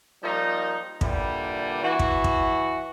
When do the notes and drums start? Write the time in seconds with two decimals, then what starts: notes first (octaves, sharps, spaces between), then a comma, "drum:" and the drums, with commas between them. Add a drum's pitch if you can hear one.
0.23 F3 G3 A#3 D#4
1.01 A#2 D3 E3 G3, drum: kick
1.83 E3 F#4
1.99 drum: kick
2.24 drum: kick